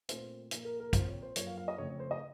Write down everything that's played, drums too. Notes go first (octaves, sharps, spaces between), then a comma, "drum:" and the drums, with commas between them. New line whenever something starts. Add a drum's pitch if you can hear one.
A#2 A3 C4 C5, drum: hi-hat
A#2 F3 A#3, drum: hi-hat
A#4
A#4
A#2 F3 C4 C5, drum: kick, hi-hat
C#5
C5
F#2 F3 A#3 C#5, drum: hi-hat
F5
F5
D#5
F2 C#3 A3 C4 C#5
C#5
C5
D#5